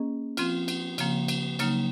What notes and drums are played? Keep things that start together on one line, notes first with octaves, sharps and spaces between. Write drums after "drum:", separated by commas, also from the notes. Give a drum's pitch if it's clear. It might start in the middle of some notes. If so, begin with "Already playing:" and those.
Already playing: A#3 C#4 G#4 D#5
F3 C4 F4, drum: cymbal
drum: cymbal
C#3 F3 A#3, drum: cymbal
drum: cymbal
C#3 F#3 A#3 D#4, drum: cymbal